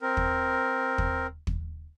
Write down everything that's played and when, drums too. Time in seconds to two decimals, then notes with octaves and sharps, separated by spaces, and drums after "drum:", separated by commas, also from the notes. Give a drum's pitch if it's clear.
0.01 C4 A#4
0.17 drum: kick
0.98 drum: kick
1.47 drum: kick